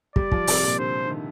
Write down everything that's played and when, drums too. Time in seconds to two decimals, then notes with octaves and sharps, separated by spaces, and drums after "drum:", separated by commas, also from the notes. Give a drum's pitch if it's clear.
0.16 G3 D5, drum: kick
0.32 F3, drum: kick
0.47 C3, drum: open hi-hat
0.63 A#2
0.78 D3 C5
1.05 D3
1.10 D#3